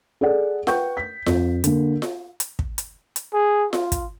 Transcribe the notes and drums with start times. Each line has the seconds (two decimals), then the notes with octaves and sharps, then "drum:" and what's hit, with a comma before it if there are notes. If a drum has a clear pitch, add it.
0.21 G#4 A4 D5 F#5
0.67 B4 F#5 G5 C#6 G6, drum: snare F4
0.97 B6
1.26 F2, drum: snare F4
1.64 D3 A#3, drum: hi-hat
2.02 drum: snare F4
2.40 drum: hi-hat
2.59 drum: kick
2.78 drum: hi-hat
3.16 drum: hi-hat
3.33 G#4
3.73 F4, drum: snare F4
3.92 drum: kick, hi-hat